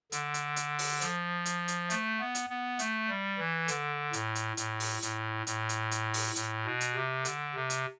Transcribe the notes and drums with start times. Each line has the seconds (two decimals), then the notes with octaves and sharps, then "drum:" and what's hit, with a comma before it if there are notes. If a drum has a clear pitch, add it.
0.12 D3, drum: hi-hat
0.34 drum: hi-hat
0.56 drum: hi-hat
0.79 drum: open hi-hat
1.01 F3, drum: hi-hat
1.46 drum: hi-hat
1.68 drum: hi-hat
1.90 A3, drum: hi-hat
2.19 B3
2.35 drum: hi-hat
2.49 B3
2.79 A3, drum: hi-hat
3.09 G3
3.38 E3
3.68 D3, drum: hi-hat
4.13 A2, drum: hi-hat
4.35 drum: hi-hat
4.57 A2, drum: hi-hat
4.80 drum: open hi-hat
5.02 A2, drum: hi-hat
5.47 A2, drum: hi-hat
5.69 drum: hi-hat
5.91 drum: hi-hat
6.14 drum: open hi-hat
6.36 A2, drum: hi-hat
6.65 B2
6.81 drum: hi-hat
6.95 C3
7.25 D3, drum: hi-hat
7.55 C3
7.70 drum: hi-hat